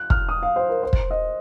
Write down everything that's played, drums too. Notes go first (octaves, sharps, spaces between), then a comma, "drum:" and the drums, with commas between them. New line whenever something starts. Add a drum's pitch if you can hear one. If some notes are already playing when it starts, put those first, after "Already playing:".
Already playing: F#6
F6, drum: kick
D#6
F5
C5
A#4
C5
drum: kick
D#5